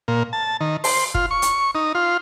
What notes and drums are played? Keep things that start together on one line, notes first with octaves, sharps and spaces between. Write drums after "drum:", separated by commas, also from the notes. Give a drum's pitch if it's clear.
A#2
A5
D#3
C5, drum: open hi-hat
F4, drum: kick
C#6
drum: hi-hat
D#4
F4